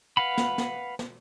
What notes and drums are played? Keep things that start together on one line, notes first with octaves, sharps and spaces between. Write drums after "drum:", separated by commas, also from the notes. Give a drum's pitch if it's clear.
B4 F5 F#5 B5
drum: snare
drum: snare
drum: snare